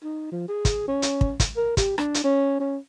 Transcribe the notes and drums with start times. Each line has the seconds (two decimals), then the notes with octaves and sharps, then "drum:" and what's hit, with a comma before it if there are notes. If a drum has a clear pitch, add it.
0.04 D#4
0.32 F3
0.48 G#4
0.65 drum: kick, hi-hat
0.88 C#4
1.02 drum: hi-hat
1.21 drum: kick
1.40 drum: kick, hi-hat
1.57 A#4
1.77 G4, drum: kick, hi-hat
1.98 D4, drum: rim click
2.14 drum: hi-hat
2.24 C#4
2.60 C#4